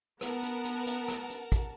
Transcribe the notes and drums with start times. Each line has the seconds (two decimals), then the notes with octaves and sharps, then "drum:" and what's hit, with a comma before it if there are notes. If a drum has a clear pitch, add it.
0.21 B3 A#4 F#5 A5, drum: rim click
0.43 drum: hi-hat
0.65 drum: hi-hat
0.86 drum: hi-hat
1.08 drum: rim click
1.30 drum: hi-hat
1.52 drum: kick, hi-hat